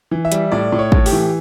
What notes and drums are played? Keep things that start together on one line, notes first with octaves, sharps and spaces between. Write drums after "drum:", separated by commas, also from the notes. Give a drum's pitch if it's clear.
E3
E5
G3, drum: hi-hat
A2 D5
A2
C#5
A2, drum: kick
G4, drum: open hi-hat
E3